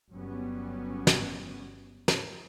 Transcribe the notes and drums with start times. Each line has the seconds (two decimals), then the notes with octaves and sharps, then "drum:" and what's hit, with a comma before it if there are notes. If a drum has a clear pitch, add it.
0.12 G1 G2 F#3 G3 B3 C#4
1.07 drum: snare
2.08 drum: snare